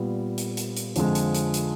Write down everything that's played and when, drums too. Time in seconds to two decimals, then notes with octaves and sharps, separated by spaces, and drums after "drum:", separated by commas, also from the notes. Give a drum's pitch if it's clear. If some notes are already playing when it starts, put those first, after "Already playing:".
Already playing: A#2 G3 B3
0.38 drum: hi-hat
0.57 drum: hi-hat
0.77 drum: hi-hat
0.96 F2 D3 F3 G#3, drum: hi-hat
1.15 drum: hi-hat
1.35 drum: hi-hat
1.54 drum: hi-hat